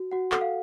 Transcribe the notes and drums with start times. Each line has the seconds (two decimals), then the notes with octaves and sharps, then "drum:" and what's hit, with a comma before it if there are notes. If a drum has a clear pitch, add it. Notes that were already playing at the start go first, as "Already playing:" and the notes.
Already playing: F#4
0.12 F#4 F#5
0.32 A4 F#5, drum: clap
0.41 F5